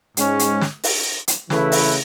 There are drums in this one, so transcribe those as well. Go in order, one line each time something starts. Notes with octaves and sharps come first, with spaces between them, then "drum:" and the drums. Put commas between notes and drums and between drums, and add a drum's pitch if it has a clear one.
G#2 G#3 C#4, drum: hi-hat
drum: hi-hat
drum: snare
drum: open hi-hat
drum: hi-hat
C#3 E3 A3 E4 B4, drum: snare
drum: open hi-hat